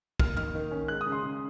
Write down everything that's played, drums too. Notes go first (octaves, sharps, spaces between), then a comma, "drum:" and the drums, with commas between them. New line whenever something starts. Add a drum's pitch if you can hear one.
A#3 F6, drum: kick
D#3 F6, drum: tom
D#3
C#4
G#3 F#6
D#6
C#3
C6
C#3